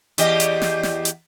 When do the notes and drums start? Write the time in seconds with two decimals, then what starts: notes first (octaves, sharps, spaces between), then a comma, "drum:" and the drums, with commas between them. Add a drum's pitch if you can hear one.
0.18 E2 G4 D#5, drum: hi-hat
0.40 drum: hi-hat
0.62 drum: snare
0.83 drum: snare
1.05 drum: hi-hat